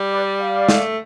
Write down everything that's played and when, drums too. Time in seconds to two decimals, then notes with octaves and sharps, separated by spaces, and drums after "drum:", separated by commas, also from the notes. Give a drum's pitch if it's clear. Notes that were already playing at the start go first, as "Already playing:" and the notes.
Already playing: G3
0.12 B4 D5
0.40 D5 F5
0.69 A3, drum: snare